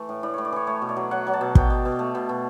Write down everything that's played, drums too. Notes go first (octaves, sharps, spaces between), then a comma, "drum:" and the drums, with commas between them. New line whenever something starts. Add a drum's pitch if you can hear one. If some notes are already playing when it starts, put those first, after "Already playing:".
Already playing: E3 A3
A2
A2 D5
A2 C#5
D5
E3 C#5
A3 C#5
B2
D5
F#3
F#3 F#5
F#3
A5
B2
B2 G5, drum: kick
B2
B2
A3
B2
B2